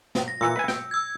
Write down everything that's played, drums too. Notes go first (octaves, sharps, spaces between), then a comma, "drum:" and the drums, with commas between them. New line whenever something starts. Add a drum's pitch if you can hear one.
drum: snare
A#6
A#2 E3 E6 C#7
B4 G#5
G5, drum: snare
E6 G#6